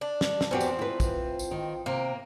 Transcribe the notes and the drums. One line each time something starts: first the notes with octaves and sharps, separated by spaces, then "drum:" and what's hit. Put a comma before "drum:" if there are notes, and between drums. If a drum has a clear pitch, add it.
D4
drum: snare
drum: snare
E2 F3 C4 F#4 G4
drum: tambourine
E4 B4
drum: kick, tambourine
drum: tambourine
D#3
C3 A#3